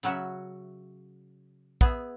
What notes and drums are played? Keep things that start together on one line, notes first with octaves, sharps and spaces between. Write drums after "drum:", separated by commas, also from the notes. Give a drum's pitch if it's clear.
C#3 F#3 C#4 F#4 E5, drum: hi-hat
B3 G#4 E5, drum: kick